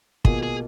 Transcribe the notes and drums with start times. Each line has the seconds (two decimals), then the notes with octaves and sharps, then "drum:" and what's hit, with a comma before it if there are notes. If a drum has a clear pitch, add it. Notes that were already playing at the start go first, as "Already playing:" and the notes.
0.25 B2 A#3 F4 G#4, drum: kick
0.43 G#4